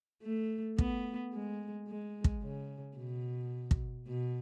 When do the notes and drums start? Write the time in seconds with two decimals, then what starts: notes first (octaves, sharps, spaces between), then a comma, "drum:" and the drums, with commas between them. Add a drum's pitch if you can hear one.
0.23 A3
0.78 B3, drum: kick
1.33 G#3
1.88 G#3
2.24 drum: kick
2.43 C#3
2.97 B2
3.71 drum: kick
4.07 B2